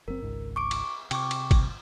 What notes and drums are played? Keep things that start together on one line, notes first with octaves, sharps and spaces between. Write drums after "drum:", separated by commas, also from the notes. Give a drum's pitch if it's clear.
F#1 C4 A#4
G#1 C#2 G#2
C#6 D6 D7
drum: cymbal
C3 G5 C#6 D6, drum: cymbal
drum: cymbal
drum: kick, cymbal